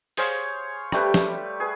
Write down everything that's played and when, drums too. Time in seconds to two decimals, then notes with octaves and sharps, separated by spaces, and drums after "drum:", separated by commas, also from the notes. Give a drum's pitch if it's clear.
0.17 G#4 C5 C#5 F5, drum: open hi-hat
0.92 G3 A3 G4 B4, drum: rim click
1.14 drum: snare
1.60 G#4 B4